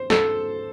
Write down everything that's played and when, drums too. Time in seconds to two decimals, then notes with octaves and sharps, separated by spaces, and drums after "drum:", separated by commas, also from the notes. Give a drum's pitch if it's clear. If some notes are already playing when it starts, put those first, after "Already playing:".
Already playing: C5
0.10 A4, drum: snare